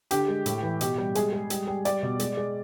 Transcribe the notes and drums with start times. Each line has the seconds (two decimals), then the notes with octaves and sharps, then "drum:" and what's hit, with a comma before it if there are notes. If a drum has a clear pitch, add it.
0.11 D3 G4, drum: hi-hat
0.28 G#3
0.46 A2, drum: hi-hat
0.63 E3
0.81 B2 G4, drum: hi-hat
0.98 G3
1.15 G#3 G#4, drum: hi-hat
1.33 G#3
1.50 G3, drum: hi-hat
1.67 G3
1.85 G3 D5, drum: hi-hat
2.03 B2
2.20 G#3, drum: hi-hat
2.37 G#3